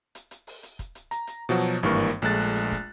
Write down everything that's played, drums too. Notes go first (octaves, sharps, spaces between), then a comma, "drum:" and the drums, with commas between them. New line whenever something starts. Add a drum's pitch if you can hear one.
drum: hi-hat
drum: hi-hat
drum: open hi-hat
drum: hi-hat
drum: kick, hi-hat
drum: hi-hat
A#5, drum: hi-hat
drum: hi-hat
B2 F3 F#3 F#4
drum: hi-hat
G#1 G2 E3 A#3 A#4 C#6
drum: hi-hat
A#1 G#3 A3 F#6 A6, drum: hi-hat
drum: open hi-hat
drum: hi-hat
drum: kick, hi-hat